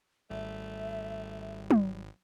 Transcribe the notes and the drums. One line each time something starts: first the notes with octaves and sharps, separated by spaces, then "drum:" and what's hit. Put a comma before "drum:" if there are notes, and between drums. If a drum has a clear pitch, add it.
G#1 G3 A3 E5
drum: tom